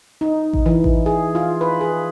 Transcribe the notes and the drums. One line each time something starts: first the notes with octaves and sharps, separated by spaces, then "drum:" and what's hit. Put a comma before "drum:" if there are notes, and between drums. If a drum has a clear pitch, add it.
D#4
drum: kick A1
E3
drum: kick A1
G#4
F4
B4
G#4